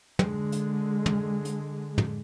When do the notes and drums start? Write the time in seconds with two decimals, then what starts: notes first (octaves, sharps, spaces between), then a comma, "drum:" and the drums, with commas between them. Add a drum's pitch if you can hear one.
0.19 D3 G#3, drum: tom
0.52 drum: hi-hat
1.06 drum: tom
1.45 drum: hi-hat
1.98 drum: tom